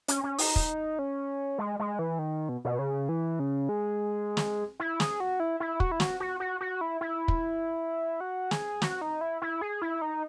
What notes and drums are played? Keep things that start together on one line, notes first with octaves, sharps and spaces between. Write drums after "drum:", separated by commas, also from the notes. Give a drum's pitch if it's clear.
C#4, drum: hi-hat
C#4
D#4, drum: open hi-hat
drum: kick
C#4
G#3
G#3
E3
D#3
B2
B2
C#3
E3
C#3
G#3
drum: snare
E4
G#4, drum: snare
F#4
E4
E4
F#4, drum: kick
E4
F#4, drum: snare
F#4
F#4
F#4
E4
E4
drum: kick
F#4
G#4, drum: snare
F#4, drum: snare
D#4
E4
E4
G#4
E4
D#4